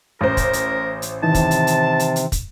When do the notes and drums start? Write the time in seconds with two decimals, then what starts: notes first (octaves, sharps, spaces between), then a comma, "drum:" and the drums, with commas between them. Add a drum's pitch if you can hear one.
0.21 A1 A#4 C5
0.37 drum: kick, hi-hat
0.53 drum: hi-hat
1.02 drum: hi-hat
1.23 C3 D#3 E3 D#4 A5
1.35 drum: kick, hi-hat
1.51 drum: hi-hat
1.67 drum: hi-hat
1.99 drum: hi-hat
2.16 drum: hi-hat
2.32 drum: kick, hi-hat